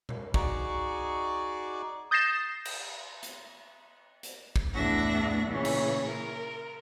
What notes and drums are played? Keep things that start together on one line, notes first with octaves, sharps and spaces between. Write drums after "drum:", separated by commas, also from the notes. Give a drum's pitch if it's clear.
drum: tom A#2
D#4 F#4 G#4 D5 C#6 D6, drum: kick
D#6 G6 A6 A#6 C7 E7
drum: cymbal
drum: hi-hat
drum: hi-hat
drum: kick
E2 A2 D4 E5 F#5 A#6
A#2 C#3 E3 C#4
drum: cymbal
A#4